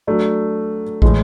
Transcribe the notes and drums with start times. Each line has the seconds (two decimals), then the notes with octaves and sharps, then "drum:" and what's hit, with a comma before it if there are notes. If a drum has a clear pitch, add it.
0.07 F#3 A3 D4
1.02 A2 E3 G#3, drum: kick